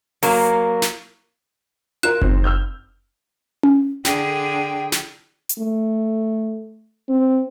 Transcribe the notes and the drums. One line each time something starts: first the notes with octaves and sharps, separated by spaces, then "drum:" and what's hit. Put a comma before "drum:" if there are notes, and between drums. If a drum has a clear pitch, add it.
F#3 A#3, drum: open hi-hat
drum: snare
F4 A#4 F#6 E7
D#3 C4, drum: kick F#1
E6 F6 G6
drum: tom C#4
D3 G#4 G5, drum: snare
drum: snare
drum: hi-hat
A3
C4